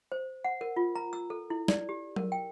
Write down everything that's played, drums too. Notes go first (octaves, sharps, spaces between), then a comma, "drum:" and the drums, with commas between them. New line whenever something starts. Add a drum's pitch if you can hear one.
C5
F#5
A#4
F4
A#5
E6
A4
E4
D5, drum: snare
G4
A#4, drum: tom F#3
G5